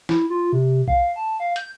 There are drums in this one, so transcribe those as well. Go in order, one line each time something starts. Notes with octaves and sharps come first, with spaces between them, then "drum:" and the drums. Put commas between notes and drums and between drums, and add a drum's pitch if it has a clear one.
E4, drum: snare
F4
C3
F5, drum: kick B1
A5
F5
G6, drum: hi-hat